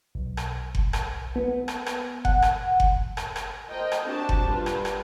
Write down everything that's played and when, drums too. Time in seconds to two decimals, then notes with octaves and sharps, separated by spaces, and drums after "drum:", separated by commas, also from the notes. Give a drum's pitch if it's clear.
0.15 B1
0.37 drum: rim click
0.75 drum: kick F#1
0.93 drum: rim click
1.36 B3
1.68 drum: rim click
1.86 drum: rim click
2.25 F#5, drum: kick F#1
2.42 drum: rim click
2.80 drum: kick F#1
3.17 drum: rim click
3.36 drum: rim click
3.69 A#4 C5 D#5 G5
3.92 drum: rim click
4.05 C4 D4 F#4 G4 A5
4.29 drum: kick F#1
4.48 G3 F4 B4
4.66 drum: rim click
4.85 drum: rim click